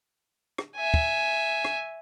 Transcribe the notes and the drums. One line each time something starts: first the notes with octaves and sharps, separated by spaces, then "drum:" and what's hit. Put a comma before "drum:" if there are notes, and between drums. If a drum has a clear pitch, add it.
drum: rim click
E5 G#5
drum: kick
drum: rim click